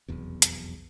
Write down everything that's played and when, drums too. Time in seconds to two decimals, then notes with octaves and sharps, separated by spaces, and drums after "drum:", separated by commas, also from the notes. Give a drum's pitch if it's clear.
0.08 F1 B1 E2
0.42 drum: hi-hat